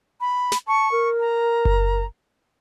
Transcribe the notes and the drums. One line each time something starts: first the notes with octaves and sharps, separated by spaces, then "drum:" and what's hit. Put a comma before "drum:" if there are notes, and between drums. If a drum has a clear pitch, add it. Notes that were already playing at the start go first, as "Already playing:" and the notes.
B5
drum: snare
A5 C#6
A#4
A#5
drum: kick F#1